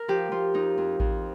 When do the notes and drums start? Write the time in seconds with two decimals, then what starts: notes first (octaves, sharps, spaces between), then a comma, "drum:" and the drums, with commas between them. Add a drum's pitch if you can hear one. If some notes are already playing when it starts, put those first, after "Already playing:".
Already playing: A#4
0.08 F3 G4
0.31 F3 F4
0.54 F2 D#4
0.78 F2
1.00 F2, drum: kick A1